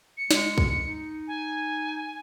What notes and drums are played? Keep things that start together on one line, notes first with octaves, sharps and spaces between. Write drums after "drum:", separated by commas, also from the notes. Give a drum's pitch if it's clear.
C#7
G#3, drum: snare
drum: kick
D#4
G#5